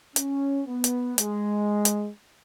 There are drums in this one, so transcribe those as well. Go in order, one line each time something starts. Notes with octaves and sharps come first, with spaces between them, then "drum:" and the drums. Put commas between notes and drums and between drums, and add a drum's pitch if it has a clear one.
C#4, drum: hi-hat
B3
drum: hi-hat
G#3, drum: hi-hat
drum: hi-hat